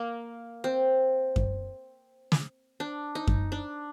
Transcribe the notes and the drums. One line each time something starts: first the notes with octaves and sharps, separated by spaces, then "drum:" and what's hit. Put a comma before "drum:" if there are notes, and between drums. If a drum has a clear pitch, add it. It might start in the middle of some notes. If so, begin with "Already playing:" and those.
Already playing: A#3
C4
drum: kick F#2
drum: snare
D4
D#4
drum: kick F#2
D4